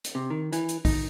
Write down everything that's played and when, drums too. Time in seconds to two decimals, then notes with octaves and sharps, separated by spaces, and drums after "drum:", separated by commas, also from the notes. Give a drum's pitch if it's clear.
0.04 drum: hi-hat
0.15 C3
0.30 D#3
0.52 E3, drum: hi-hat
0.69 drum: hi-hat
0.85 D#4, drum: kick A#1, open hi-hat